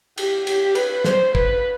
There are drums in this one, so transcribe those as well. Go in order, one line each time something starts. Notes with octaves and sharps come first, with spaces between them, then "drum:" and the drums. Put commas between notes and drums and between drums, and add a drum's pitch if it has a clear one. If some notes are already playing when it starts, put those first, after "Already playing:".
G4, drum: cymbal
G4, drum: cymbal
B4, drum: cymbal
C5, drum: snare
B4, drum: kick